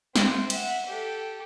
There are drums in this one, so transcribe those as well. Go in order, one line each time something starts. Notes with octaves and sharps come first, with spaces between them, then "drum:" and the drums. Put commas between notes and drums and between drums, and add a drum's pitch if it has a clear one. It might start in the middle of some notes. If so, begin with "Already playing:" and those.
C4, drum: snare
E5 F#5, drum: cymbal
G4 A4